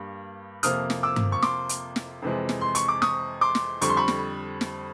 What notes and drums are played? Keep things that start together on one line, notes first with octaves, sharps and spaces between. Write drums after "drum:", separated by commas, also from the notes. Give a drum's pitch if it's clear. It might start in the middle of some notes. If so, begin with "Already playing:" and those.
Already playing: G2 G3 A#3
F2 C3 F3 A#3 D#6 F6, drum: hi-hat
drum: snare
D6 E6
drum: tom G2
C#6
C6 D6, drum: snare
drum: hi-hat
drum: snare
F2 C3 E3 G#3
drum: snare
C6
C#6, drum: hi-hat
D6
C#6 D#6, drum: snare
C6 D6
drum: snare
F2 D3 G3 C#6, drum: hi-hat
C6
B5 C#6
drum: snare
drum: snare